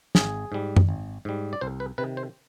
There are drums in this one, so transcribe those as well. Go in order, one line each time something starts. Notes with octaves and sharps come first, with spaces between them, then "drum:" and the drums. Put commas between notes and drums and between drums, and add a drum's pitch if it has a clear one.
G#1 G#4, drum: snare
G#2 G3
drum: tom F#2
G#1
G#2 G3
D5
C2 C5
B4
C3 D#3 B4
C5